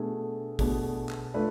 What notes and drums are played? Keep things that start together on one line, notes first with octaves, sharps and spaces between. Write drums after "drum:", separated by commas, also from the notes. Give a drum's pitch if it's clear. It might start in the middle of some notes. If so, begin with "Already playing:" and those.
Already playing: B2 A3 D4 G#4
B2 A3 D4 G#4, drum: kick A1, open hi-hat
drum: clap
A3 D4 F4 B4 D5